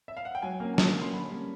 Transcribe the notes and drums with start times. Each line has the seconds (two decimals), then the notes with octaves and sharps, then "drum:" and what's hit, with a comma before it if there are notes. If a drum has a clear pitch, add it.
0.08 E5
0.17 F5
0.25 F#5
0.35 G5
0.42 F#3 G#5
0.60 A#3 C#4
0.74 G#5
0.78 F#3 A5, drum: snare
0.96 A#3 C#4
1.01 C6
1.13 D3 B5
1.31 G3 A#3 C#4